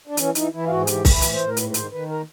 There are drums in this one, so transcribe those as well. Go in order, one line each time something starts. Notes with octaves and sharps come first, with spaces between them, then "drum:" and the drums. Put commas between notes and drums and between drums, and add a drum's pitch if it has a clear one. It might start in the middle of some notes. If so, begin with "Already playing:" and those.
D4
E3 C#4, drum: hi-hat
E3 D#4, drum: hi-hat
E3 E4
F4
G#2 F#4
G#4
E3 G4, drum: hi-hat
E3, drum: kick C2, open hi-hat
B4
A2, drum: hi-hat
C5
A2
A#4
G#2 B4, drum: hi-hat
B4
D#3 C5, drum: hi-hat
D#3 B4
A#4